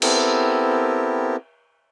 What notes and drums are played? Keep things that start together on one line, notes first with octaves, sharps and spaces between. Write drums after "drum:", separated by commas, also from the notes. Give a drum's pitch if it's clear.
B3 C4 E4 G4 A4 A#4, drum: cymbal